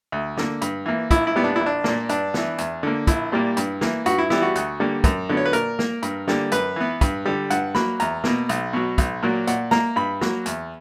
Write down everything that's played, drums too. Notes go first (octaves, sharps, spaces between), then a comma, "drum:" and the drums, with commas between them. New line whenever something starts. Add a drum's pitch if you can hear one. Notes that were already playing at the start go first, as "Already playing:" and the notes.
D2
D3 A#3, drum: snare
G2, drum: hi-hat
E3 A#3
A#1 E4, drum: kick, hi-hat
E4
A#2 G3 B3
D4
A#1 E4
D4
A#2 A#3, drum: snare
G2 D4, drum: hi-hat
E3 B3, drum: snare
E2, drum: hi-hat
D3 A#3
A#1 E4, drum: kick, hi-hat
A#2 G3 A#3
G2, drum: hi-hat
E3 A#3, drum: snare
G2 F#4, drum: hi-hat
E4
E3 G3 B3 E4, drum: snare
F#4
D2, drum: hi-hat
D3 G3 A#3
F#2, drum: kick, hi-hat
D3 F#3 B3
C#5
B4
A#2 A#4, drum: hi-hat
A#3, drum: snare
G2, drum: hi-hat
D3 G3 A#3, drum: snare
F#2 B4, drum: hi-hat
E3 B3
G2, drum: kick, hi-hat
D3 G3
G2 F#5, drum: hi-hat
F#3 A#3 B5, drum: snare
E2 A#5, drum: hi-hat
B2 A#3, drum: snare
B1, drum: hi-hat
B2 F#3
B1, drum: kick, hi-hat
A#2 F#3 A#3
A#2 F#5, drum: hi-hat
A#3 A#5, drum: snare
G2 B5
F#3 A#3, drum: snare
E2, drum: hi-hat